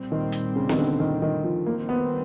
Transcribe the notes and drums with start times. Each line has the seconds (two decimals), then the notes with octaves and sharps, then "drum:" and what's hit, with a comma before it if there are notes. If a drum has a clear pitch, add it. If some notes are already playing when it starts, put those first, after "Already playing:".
Already playing: A#2 G3 C4
0.12 D#3
0.32 drum: hi-hat
0.56 C#3
0.69 D#3, drum: snare B3
0.78 D3
1.00 D#3
1.22 D#3
1.44 F3
1.66 D#3 G3 A#3 C4
1.89 B3